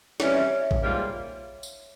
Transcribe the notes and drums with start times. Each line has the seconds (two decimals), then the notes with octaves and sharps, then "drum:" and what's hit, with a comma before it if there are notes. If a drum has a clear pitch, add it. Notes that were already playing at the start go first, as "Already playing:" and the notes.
0.20 C3 E3 G3 C#4 C#5, drum: snare
0.35 E5
0.51 C#5
0.61 E5
0.71 drum: kick A1
0.82 G#2 G3 A#3 F4
1.63 drum: tambourine